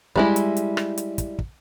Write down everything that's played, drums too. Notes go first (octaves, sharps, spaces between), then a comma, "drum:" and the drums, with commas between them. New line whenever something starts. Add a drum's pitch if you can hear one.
G3 G#3 E4, drum: kick
drum: hi-hat
drum: hi-hat
drum: rim click
drum: hi-hat
drum: kick, hi-hat
drum: kick